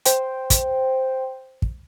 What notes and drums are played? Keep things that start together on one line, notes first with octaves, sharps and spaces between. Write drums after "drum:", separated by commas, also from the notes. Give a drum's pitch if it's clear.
C5 G5, drum: hi-hat
drum: kick, hi-hat
drum: kick